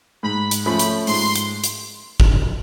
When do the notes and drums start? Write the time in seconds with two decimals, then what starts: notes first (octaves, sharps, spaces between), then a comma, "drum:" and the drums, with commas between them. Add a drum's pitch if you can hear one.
0.23 G#2 B5
0.51 drum: hi-hat
0.65 F3 A3 C#4 B5
0.79 drum: hi-hat
1.07 G#2 C6, drum: open hi-hat
1.36 drum: hi-hat
1.64 drum: hi-hat
2.20 drum: kick A1